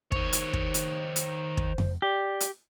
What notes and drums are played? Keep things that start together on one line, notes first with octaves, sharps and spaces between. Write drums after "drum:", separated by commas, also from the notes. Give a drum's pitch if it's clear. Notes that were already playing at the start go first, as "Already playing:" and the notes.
D#3 C5 C#5, drum: kick
drum: hi-hat
drum: kick
drum: hi-hat
drum: hi-hat
drum: kick
drum: tom F2
G4 D5
drum: hi-hat